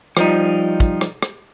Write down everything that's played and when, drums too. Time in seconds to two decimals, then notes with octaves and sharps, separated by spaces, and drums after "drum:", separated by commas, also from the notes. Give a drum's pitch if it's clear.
0.17 F3 G3 D#4, drum: rim click
0.80 drum: kick
1.01 drum: rim click
1.22 drum: rim click